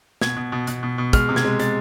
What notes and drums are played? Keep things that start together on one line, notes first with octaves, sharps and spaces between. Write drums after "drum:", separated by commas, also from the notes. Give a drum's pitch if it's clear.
B2 G#6, drum: snare
B2
B2
B2, drum: hi-hat
B2
B2
G#3 F6, drum: kick, hi-hat
C3
G#6, drum: snare
G#3
G#3 A6, drum: hi-hat